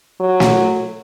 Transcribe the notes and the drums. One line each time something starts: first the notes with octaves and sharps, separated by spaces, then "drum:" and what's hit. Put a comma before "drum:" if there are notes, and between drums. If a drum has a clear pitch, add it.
F#3
drum: snare